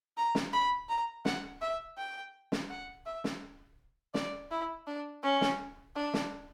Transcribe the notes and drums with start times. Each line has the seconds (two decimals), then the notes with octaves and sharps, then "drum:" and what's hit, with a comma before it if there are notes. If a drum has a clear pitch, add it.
0.17 A#5
0.35 drum: snare
0.53 B5
0.89 A#5
1.25 F#5, drum: snare
1.61 E5
1.98 G5
2.52 drum: snare
2.70 F#5
3.06 E5
3.24 drum: snare
4.14 D5, drum: snare
4.51 E4
4.87 D4
5.23 C#4
5.41 drum: snare
5.96 D4
6.14 drum: snare